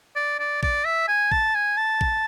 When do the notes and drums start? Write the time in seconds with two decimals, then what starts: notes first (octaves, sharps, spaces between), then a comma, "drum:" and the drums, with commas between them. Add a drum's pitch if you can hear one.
0.16 D5
0.39 D5
0.63 D5, drum: kick
0.85 E5
1.08 G#5
1.32 A5, drum: kick
1.55 G#5
1.77 A5
2.01 drum: kick